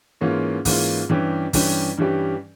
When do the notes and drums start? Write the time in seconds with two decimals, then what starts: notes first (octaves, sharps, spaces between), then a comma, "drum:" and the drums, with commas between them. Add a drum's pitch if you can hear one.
0.21 G#2 E3 A#3 C#4 F4
0.65 G#2 E3 A#3 C#4 F4, drum: kick, open hi-hat
1.09 G2 E3 G3 C#4 G4
1.53 G2 E3 G3 C#4 G4, drum: kick, open hi-hat
1.98 G2 E3 G3 C#4 G4